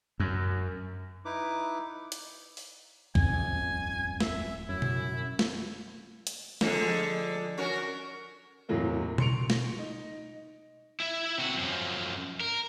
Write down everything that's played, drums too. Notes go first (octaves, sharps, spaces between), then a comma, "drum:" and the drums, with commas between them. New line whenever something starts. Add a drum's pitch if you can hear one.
F#2
D#4 E4 B4 D6
drum: hi-hat
drum: open hi-hat
D#1 G#1 F2 G#5, drum: kick
E5, drum: snare
F#2 E4
drum: tom B2
drum: snare
drum: hi-hat
D3 F3 G#3, drum: snare
C#4 F#4 A#4
E2 A2 C3 F#3 A#3 D#4
C6 C#6 C#7 D7 F7, drum: tom B2
A#6, drum: snare
D#4
E4 E5
C3 F#4
F#2 F3
A#4